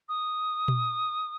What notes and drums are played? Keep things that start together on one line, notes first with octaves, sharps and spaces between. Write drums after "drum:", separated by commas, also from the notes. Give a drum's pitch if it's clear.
D#6
drum: tom A#2